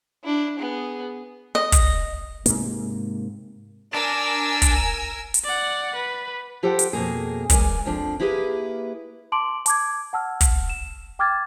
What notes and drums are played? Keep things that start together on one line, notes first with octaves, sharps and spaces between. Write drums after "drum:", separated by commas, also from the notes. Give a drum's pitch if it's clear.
D4 E4
B3 G#4
D#5
drum: kick, hi-hat
G#2 C3 A#3, drum: hi-hat
D4 A#4 G#5 E6
drum: kick, hi-hat
drum: hi-hat
D5 F#5
B4
F4 G4 A4 C5 F#5 G5
drum: hi-hat
F2 B2 A#3 G#4
E3 G#3 A#4 D5 G#5, drum: kick, hi-hat
F2 F3 D4
A#3 E4 G4 G#4 B4
A5 C6 D6 D7 F#7
A5 D6 G#6, drum: hi-hat
F#5 A5 E6 F6
drum: kick, hi-hat
E7
G5 D6 F6 G#6 A6